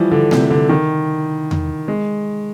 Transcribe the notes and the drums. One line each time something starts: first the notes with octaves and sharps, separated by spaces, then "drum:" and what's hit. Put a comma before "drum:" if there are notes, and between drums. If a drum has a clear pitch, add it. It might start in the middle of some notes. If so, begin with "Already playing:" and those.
Already playing: E3 F3 G3
D3
C3, drum: snare A3
D3
D#3
drum: tom E2
G#3